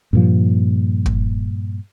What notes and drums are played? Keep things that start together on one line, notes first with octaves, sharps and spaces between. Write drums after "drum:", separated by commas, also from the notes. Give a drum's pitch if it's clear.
G2 A#2 F3
drum: kick